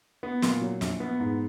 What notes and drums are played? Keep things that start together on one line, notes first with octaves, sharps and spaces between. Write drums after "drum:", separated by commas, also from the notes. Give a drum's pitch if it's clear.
B3
A#2, drum: snare
F#3
A#1, drum: snare
B3
G#2